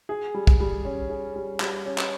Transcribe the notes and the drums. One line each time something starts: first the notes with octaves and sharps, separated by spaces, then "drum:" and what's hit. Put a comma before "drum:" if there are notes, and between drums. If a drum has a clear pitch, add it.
G#4
G3
drum: kick
G3
C#4
G#4
G3
G3, drum: clap
C#4
drum: clap